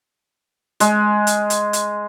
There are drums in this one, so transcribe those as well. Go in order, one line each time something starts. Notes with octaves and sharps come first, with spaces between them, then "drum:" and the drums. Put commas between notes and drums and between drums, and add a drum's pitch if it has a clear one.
G#3, drum: hi-hat
drum: hi-hat
drum: hi-hat
drum: hi-hat